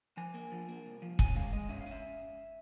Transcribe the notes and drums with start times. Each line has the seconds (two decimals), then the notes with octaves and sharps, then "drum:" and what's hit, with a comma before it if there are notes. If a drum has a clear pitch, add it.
0.17 F3 G#5
0.34 A#3
0.52 F3
0.68 A#3
0.86 C2
1.02 F3
1.19 C#4 G#5, drum: kick
1.36 G#3 F5
1.53 G#3 D#5
1.69 C#4 E5
1.81 F5
1.86 C#4 E5